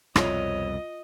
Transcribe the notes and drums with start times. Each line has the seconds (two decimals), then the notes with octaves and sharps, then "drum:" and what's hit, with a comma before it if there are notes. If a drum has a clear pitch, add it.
0.16 C2 F2 B2 F4 C#5 D#5, drum: rim click